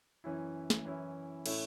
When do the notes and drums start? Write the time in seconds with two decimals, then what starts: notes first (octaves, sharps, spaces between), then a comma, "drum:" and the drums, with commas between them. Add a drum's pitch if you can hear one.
0.24 F#2 E3 C#4 E4
0.70 drum: snare
0.84 F#2 E3 C#4 E4
1.46 A2 A3 C#4 E4, drum: cymbal